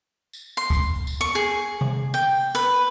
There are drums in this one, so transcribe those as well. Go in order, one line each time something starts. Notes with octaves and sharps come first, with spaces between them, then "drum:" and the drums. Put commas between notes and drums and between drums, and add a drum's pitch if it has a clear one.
drum: tambourine
C6
drum: kick C#2, tambourine
drum: tambourine
C#6
G#4
drum: tom C3
G5
B4